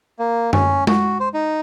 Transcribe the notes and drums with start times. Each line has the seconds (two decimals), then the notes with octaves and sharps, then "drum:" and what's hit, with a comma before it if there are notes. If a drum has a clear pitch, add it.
0.19 A#3
0.53 C#4, drum: tom F#2
0.87 F#4, drum: tom G#3
1.20 C5
1.34 D#4